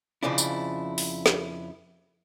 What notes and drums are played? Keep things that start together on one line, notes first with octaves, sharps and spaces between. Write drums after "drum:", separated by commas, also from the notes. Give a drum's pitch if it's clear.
F2 C#3 F3 D4 E4
drum: tambourine
drum: open hi-hat
drum: snare